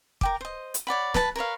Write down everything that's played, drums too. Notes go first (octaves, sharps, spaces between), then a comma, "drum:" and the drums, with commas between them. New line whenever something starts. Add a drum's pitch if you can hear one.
A#4 G5 D6, drum: kick
C5 D#5
drum: hi-hat
C#5 D5 F#5 B5
B4 A5, drum: snare
A#4 B4 C#5 F5